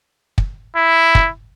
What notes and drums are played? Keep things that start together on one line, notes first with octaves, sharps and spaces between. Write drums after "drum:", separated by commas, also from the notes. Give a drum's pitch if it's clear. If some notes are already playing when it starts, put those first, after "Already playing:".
drum: kick
E4
drum: kick